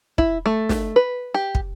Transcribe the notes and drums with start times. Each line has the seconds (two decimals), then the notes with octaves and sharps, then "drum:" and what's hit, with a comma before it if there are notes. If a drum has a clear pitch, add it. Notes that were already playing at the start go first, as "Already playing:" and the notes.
0.18 E4, drum: kick
0.46 A3
0.69 drum: snare
0.96 B4
1.34 G4
1.55 drum: kick